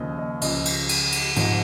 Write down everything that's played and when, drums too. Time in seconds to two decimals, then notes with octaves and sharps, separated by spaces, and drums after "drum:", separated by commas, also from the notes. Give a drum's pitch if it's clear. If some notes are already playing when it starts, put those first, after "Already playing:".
Already playing: D#2 C#3 F3 D#5
0.18 D#5
0.42 C#2 C#3 F3 D#5, drum: cymbal
0.65 drum: cymbal
0.89 drum: cymbal
1.12 drum: cymbal
1.36 G#1 G#2 F3, drum: cymbal